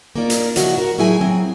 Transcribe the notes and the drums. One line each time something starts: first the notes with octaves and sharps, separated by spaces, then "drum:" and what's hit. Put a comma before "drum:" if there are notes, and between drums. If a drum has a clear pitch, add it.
A#3 C#4 D#4 F4 D5
drum: hi-hat
C#3 F3 E4 F#4 C#5 D#5, drum: hi-hat
F#4 A#4
A2 F#3 A3 E4 G#4 G#5
F#3 C4